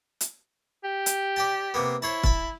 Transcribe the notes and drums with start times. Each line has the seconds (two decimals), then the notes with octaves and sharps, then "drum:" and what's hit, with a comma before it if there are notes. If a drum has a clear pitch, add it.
0.21 drum: hi-hat
0.84 G4
1.06 drum: hi-hat
1.36 D5 G5 A5
1.74 C3 A#3 B3
2.02 E4 C5 C#5 A5
2.23 A5 B5, drum: kick